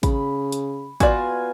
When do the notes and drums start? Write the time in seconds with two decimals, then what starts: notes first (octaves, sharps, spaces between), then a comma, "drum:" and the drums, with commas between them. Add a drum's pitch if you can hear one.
0.03 C#3 B5, drum: kick, hi-hat
0.52 drum: hi-hat
1.00 B3 F4 F#4 D5 G#5, drum: kick, hi-hat